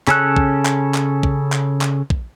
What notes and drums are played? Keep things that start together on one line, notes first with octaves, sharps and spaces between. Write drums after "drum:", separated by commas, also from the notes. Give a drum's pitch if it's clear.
C#3 C#4 A4 F#6, drum: clap
drum: kick
drum: clap
drum: clap
drum: kick
drum: clap
drum: clap
drum: kick